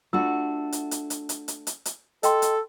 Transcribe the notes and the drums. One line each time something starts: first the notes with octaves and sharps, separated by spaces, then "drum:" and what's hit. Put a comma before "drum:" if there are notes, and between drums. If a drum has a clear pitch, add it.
A3 D4 F4 F#4 E6
drum: hi-hat
drum: hi-hat
drum: hi-hat
drum: hi-hat
drum: hi-hat
drum: hi-hat
drum: hi-hat
A4 D#5 G5 C6, drum: hi-hat
drum: hi-hat